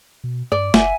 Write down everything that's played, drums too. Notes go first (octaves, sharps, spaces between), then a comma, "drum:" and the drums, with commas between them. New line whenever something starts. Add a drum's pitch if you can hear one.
B2
G2 D5
F#1 E5 F#5 G#5, drum: snare